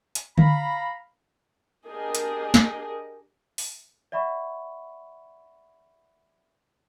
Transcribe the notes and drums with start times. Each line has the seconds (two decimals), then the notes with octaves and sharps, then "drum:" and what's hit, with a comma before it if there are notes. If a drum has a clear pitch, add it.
0.15 drum: hi-hat
0.38 F5 A#5 B5, drum: tom D3
1.87 D4 G4 G#4 A#4 D#5
2.15 drum: hi-hat
2.54 drum: snare
3.58 drum: open hi-hat
4.12 D5 E5 F#5 B5 C#6